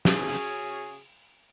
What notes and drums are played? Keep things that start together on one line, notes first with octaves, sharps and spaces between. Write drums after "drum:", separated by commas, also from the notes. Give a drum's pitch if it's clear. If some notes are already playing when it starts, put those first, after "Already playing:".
C#3 C#4 F#4 G#4, drum: snare
drum: open hi-hat